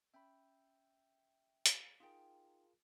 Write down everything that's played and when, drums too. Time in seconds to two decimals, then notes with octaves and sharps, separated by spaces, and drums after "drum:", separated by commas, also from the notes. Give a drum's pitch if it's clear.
0.14 C#4 E5 G5 B5
1.66 drum: hi-hat
2.00 D#4 F4 G#4 A#4 G5